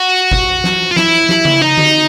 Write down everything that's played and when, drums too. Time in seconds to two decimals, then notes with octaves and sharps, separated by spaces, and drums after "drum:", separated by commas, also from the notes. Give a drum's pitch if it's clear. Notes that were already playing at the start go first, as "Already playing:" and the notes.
Already playing: F#4
0.32 drum: kick G1
0.64 drum: snare
0.91 F4
0.96 E4, drum: snare
1.29 drum: snare
1.45 drum: tom C#3
1.62 D#4
1.78 drum: tom D3